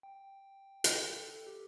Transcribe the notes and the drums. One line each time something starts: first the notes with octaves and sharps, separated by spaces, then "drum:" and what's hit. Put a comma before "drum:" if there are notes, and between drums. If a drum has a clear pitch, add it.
G5
drum: hi-hat
A4
G4